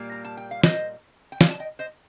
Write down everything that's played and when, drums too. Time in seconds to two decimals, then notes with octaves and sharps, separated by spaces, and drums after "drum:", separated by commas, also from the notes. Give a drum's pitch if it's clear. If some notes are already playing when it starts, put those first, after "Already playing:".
Already playing: A#2 G3 A#3
0.12 A#5
0.25 A5
0.37 G5
0.51 F5
0.63 C5 D#5, drum: snare
1.32 G5
1.41 D5 F5, drum: snare
1.50 A5
1.60 D#5 G5
1.79 C5 D#5